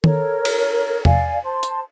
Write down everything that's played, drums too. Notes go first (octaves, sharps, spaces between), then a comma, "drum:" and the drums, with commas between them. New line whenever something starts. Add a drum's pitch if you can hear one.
A4 A#4 C#5, drum: tom D#3
drum: cymbal
D5 F5 G#5, drum: tom E2
C5 A5 C6
drum: hi-hat